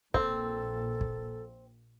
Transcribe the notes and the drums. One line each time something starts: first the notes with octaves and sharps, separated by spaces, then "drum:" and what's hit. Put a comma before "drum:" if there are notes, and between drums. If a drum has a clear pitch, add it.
A#1 A#2 C4 A4, drum: kick
drum: kick